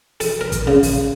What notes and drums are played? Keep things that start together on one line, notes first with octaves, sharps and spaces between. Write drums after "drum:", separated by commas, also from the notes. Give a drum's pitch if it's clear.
A4, drum: open hi-hat
A#4
drum: kick, hi-hat
C#3
drum: kick, open hi-hat